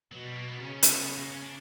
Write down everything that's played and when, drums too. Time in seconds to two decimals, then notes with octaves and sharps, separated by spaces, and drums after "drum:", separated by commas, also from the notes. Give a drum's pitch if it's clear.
0.12 B2 F#3
0.24 G3
0.35 A#3
0.48 B3
0.59 C#3 C#4
0.83 B3, drum: hi-hat
1.18 A#3
1.30 C#4
1.41 D4